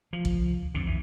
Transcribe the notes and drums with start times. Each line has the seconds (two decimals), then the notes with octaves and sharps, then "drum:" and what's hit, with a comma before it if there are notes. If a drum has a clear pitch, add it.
0.13 F3
0.25 C2, drum: kick
0.62 D2
0.74 B1 F2 D3
0.87 E3